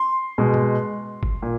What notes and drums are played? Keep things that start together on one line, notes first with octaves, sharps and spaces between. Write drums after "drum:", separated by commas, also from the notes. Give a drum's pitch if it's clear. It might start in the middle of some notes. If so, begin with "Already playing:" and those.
Already playing: C6
B2 G#3
drum: tom
drum: kick F#1
A#2